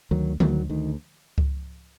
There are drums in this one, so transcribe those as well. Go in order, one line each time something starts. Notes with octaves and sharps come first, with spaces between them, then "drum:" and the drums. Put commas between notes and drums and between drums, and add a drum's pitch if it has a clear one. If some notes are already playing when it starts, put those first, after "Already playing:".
D2 D#3 F#3
D2 D#3 F#3, drum: tom D3
D2 D#3
drum: kick C#2